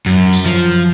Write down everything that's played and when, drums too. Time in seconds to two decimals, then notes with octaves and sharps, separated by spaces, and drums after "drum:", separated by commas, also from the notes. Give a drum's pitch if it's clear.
0.06 F#2
0.33 drum: tambourine
0.46 F3